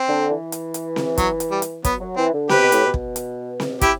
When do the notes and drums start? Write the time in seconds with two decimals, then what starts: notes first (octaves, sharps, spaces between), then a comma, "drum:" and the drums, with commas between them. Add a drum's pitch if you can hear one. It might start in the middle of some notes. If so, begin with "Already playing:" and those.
Already playing: C4
0.09 D3
0.30 E3
0.52 drum: hi-hat
0.74 drum: hi-hat
0.96 drum: snare C4
1.18 F#3, drum: kick, hi-hat
1.40 drum: hi-hat
1.51 G3
1.62 drum: hi-hat
1.84 F#3 B3, drum: kick, hi-hat
2.00 F#3
2.16 E3 C4
2.34 D3
2.49 C3 G4 B4, drum: snare C4
2.61 B2
2.72 A2, drum: hi-hat
2.84 B2
2.94 drum: kick
3.16 drum: hi-hat
3.60 drum: snare C4
3.81 E4 G4, drum: kick, hi-hat